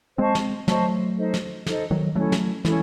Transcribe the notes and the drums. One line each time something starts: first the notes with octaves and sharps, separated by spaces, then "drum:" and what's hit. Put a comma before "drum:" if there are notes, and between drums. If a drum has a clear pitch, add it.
G#3 C4 C5 D#5 A5 C#6
drum: snare
F#3 A3 C5 D#5 A5 C#6, drum: snare
D#4 A4 C5 D#5
drum: snare
D#4 A4 C5 D#5, drum: snare
D#3 F#3
F#3 A3 C#4 E4 A4
drum: snare
E3 G#3 C#4 E4 A4, drum: snare